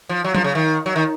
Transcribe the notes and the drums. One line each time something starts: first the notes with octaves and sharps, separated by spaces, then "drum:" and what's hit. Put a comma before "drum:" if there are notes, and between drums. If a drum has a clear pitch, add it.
F3
F#3
F3, drum: tom F#3
C#3
D#3
F#3
D#3